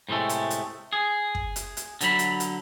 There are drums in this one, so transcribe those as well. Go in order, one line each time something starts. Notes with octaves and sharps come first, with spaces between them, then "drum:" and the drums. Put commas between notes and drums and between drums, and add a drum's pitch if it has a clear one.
A2 C3 G#3 A3
drum: hi-hat
drum: hi-hat
G#4
drum: kick
drum: hi-hat
drum: hi-hat
D3 F#3 B5, drum: hi-hat
drum: hi-hat
drum: hi-hat